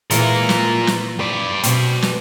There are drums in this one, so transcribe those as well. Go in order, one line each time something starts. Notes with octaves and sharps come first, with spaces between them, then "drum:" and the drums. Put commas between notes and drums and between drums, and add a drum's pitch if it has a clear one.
A#2 E3 G#3 F4 A#4, drum: hi-hat
drum: snare
drum: snare
B4 D5
B2 C4, drum: hi-hat
drum: snare